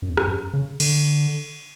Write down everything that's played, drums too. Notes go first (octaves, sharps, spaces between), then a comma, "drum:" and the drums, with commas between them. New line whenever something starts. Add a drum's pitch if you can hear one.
F#2
E2
F#2, drum: rim click
F#2
C#3
D3, drum: cymbal